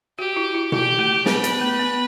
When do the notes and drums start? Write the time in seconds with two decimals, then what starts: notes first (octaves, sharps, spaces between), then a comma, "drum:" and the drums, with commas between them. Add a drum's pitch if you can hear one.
0.19 F#4 G4
0.36 E4
0.54 E4
0.72 E4 G4, drum: tom B2
0.99 A3
1.26 B3 B4, drum: snare
1.44 B3, drum: hi-hat
1.62 A3
1.79 B3